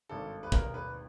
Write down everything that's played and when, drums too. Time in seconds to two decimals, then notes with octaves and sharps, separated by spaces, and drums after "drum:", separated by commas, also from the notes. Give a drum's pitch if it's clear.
0.09 G#1 G2 D#3 F#3 A4
0.43 B4
0.52 A#4, drum: kick
0.74 B4